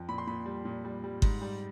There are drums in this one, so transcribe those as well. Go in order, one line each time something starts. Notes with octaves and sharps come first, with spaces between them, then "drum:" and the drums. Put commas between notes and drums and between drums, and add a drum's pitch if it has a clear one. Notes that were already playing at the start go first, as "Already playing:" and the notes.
Already playing: F2
A#2 B5
C6
A#2 B5
G3
A#2
G3
G3
G#2, drum: kick G1
G3